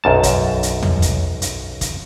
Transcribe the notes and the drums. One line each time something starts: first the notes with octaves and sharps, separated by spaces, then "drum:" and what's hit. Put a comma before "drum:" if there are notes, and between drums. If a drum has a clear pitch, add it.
B1 F#2 A5
drum: kick, hi-hat
drum: hi-hat
drum: tom
drum: kick, hi-hat
drum: hi-hat
drum: kick, hi-hat